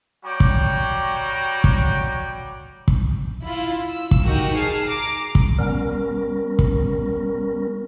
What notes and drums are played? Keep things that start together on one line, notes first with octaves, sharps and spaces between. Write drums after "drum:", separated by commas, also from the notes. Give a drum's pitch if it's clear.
G3 F#4 C#5 G5 A#5 D6
drum: kick
drum: kick
drum: kick
E4 F4
E6
drum: kick
D#4 F#4 G4 A#4
G#4 A5 F6 C7
A#5 D6
drum: kick
G3 B3 C#4 A#4
drum: kick